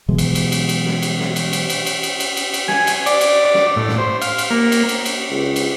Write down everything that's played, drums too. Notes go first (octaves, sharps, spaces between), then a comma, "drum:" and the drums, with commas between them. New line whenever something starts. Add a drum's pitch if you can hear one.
B2 E3 F#3 G#3
drum: cymbal
drum: cymbal
drum: cymbal
drum: cymbal
drum: snare
drum: cymbal
drum: snare
drum: cymbal
drum: cymbal
drum: cymbal
drum: cymbal
drum: cymbal
drum: cymbal
drum: cymbal
drum: cymbal
G#5, drum: snare
drum: cymbal
D5, drum: cymbal
drum: cymbal
D5
drum: snare
A2
drum: snare
C5
F5, drum: cymbal
drum: cymbal
A#3
drum: cymbal
drum: cymbal
drum: cymbal
C#2
drum: cymbal